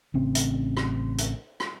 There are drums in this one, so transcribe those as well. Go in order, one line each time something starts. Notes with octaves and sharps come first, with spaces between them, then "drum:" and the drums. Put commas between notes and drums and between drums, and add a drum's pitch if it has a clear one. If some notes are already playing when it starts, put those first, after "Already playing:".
A1 C#3 C4
drum: hi-hat
drum: rim click
drum: hi-hat
drum: rim click